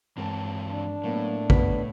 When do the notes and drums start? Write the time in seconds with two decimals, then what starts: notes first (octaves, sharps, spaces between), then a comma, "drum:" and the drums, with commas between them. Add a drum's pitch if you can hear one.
0.17 G2 E3 G#3 C4 A#4 A5
0.69 D4
1.04 A2 F#3 A#3 B3
1.50 B3 B6, drum: kick